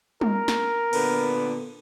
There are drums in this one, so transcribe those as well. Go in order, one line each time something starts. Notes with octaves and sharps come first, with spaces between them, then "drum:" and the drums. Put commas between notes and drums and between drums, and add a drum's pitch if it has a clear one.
A#4, drum: tom G3
drum: snare
A#2 D3 B3, drum: cymbal